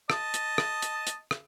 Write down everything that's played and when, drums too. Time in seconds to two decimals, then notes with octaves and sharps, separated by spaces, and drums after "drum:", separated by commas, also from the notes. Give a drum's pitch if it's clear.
0.10 D#5 A5, drum: rim click
0.34 drum: hi-hat
0.58 drum: rim click
0.82 drum: hi-hat
1.07 drum: hi-hat
1.31 drum: rim click